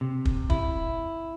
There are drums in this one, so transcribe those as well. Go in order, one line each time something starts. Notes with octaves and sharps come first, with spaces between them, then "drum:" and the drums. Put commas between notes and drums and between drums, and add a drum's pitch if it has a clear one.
C3
drum: kick
E4, drum: kick